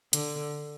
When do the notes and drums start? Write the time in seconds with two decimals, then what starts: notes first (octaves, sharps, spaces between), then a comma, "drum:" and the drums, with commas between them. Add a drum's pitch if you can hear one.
0.13 D3, drum: hi-hat